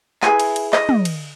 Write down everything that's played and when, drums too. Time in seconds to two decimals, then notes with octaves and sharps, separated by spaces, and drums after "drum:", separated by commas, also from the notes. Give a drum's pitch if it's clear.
0.23 E4 G#4 B4 G#5, drum: clap
0.40 drum: cymbal
0.56 drum: cymbal
0.73 D#5, drum: clap
0.89 drum: tom
1.05 drum: cymbal